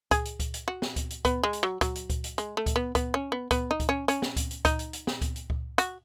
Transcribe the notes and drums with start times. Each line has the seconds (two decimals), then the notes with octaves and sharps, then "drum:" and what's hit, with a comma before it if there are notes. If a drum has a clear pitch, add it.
0.11 G#4, drum: kick C#2, hi-hat
0.25 drum: hi-hat
0.40 drum: kick C#2, hi-hat
0.54 drum: hi-hat
0.68 F#4
0.82 drum: snare
0.96 drum: kick C#2, hi-hat
1.10 drum: hi-hat
1.25 B3, drum: kick C#2, hi-hat
1.43 G#3
1.53 drum: hi-hat
1.63 F#3
1.81 F#3, drum: kick C#2, hi-hat
1.95 drum: hi-hat
2.10 drum: kick C#2, hi-hat
2.24 drum: hi-hat
2.38 G#3, drum: hi-hat
2.57 A3
2.66 drum: kick C#2, hi-hat
2.76 B3
2.95 B3, drum: kick C#2, hi-hat
3.14 C#4
3.32 B3
3.51 B3, drum: kick C#2, hi-hat
3.71 D#4
3.80 drum: kick C#2, hi-hat
3.89 C#4
4.08 C#4, drum: hi-hat
4.22 drum: snare
4.36 drum: kick C#2, hi-hat
4.51 drum: hi-hat
4.65 D#4, drum: kick C#2, hi-hat
4.79 drum: hi-hat
4.93 drum: hi-hat
5.07 drum: snare
5.21 drum: kick C#2, hi-hat
5.36 drum: hi-hat
5.50 drum: kick C#2
5.78 F#4, drum: hi-hat